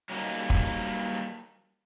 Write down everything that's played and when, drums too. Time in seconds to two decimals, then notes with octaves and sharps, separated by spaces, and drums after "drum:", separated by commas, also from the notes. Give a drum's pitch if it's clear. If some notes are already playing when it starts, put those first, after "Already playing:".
0.10 F#3 G3 A#3 D#4
0.50 drum: kick